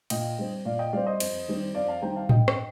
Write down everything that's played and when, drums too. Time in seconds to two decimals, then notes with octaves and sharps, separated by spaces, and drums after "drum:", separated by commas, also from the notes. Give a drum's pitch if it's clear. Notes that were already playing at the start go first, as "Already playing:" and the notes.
0.10 A#2 D#5 G5, drum: cymbal
0.39 G3 C4
0.65 A#2 D5 F5
0.79 D#5 G5
0.93 G3 C4 D5 F5
1.07 C5 D#5
1.20 F2, drum: cymbal
1.48 D#3 G3 C4
1.75 F2 D5 F5
1.88 F5 A5
2.02 D#3 G3 C4 G5 A#5
2.16 F5 A5
2.29 G2 D#5 G5, drum: tom A2
2.48 drum: rim click